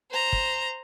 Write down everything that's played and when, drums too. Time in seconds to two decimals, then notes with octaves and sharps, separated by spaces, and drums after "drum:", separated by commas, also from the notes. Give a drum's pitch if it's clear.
0.11 C5 A#5
0.33 drum: kick